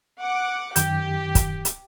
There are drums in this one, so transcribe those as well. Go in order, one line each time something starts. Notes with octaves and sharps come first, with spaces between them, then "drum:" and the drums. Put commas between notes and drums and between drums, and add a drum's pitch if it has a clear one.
F#5 D6
F#2 D#3 G4 G6, drum: hi-hat
drum: kick, hi-hat
drum: hi-hat